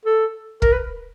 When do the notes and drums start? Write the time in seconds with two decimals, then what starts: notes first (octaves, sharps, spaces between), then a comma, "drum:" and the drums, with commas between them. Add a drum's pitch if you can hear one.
0.05 A4
0.62 A#4, drum: kick
0.72 B4